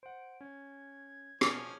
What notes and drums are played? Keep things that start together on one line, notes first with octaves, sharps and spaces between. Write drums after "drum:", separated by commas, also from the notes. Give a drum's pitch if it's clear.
C5 F#5 D7
C#4 G#6
B2 F3 C#4 G#4, drum: rim click